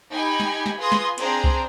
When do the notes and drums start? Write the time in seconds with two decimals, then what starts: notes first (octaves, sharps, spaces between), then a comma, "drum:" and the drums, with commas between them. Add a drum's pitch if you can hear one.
0.10 D#4 G4 G5 G#5 B5
0.40 drum: snare
0.66 drum: snare
0.78 F4 G#4 B4 C6 D#6 A#6
0.92 drum: snare
1.18 C4 D4 G#4 C5 D5 A#5, drum: cymbal
1.44 drum: kick C2